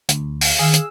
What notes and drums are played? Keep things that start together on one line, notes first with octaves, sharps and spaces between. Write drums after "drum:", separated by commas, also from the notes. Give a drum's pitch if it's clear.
D2, drum: hi-hat
drum: open hi-hat
D#3 G#4 F5 E6
drum: hi-hat